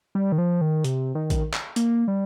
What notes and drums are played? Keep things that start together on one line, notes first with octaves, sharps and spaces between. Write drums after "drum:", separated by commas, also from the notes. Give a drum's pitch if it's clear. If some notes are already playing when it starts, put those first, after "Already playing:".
G3
D#3
F3
D#3
C3, drum: hi-hat
D#3
drum: kick A1, hi-hat
drum: clap
A#3, drum: hi-hat
G3